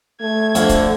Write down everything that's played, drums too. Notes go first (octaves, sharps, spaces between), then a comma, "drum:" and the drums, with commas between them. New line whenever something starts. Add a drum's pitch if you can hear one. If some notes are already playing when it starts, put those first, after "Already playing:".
A3 G#6
F2 D3, drum: hi-hat
drum: kick, hi-hat